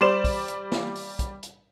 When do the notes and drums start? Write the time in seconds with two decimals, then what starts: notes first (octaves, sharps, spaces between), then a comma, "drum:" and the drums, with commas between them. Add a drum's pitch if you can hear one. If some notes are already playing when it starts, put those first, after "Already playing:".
0.01 G3 C5 D5 C6 E7
0.24 drum: kick, open hi-hat
0.48 drum: hi-hat
0.72 drum: snare
0.95 drum: open hi-hat
1.19 drum: kick, hi-hat
1.43 drum: hi-hat